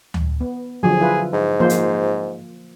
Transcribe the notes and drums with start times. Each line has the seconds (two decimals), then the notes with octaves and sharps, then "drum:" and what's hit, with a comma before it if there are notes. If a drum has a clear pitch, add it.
0.14 drum: tom D2
0.41 B3
0.83 D3 F3 F#3 G#4
1.00 E4 F4 B4
1.33 G#2
1.60 F3 A#3 C5
1.70 drum: hi-hat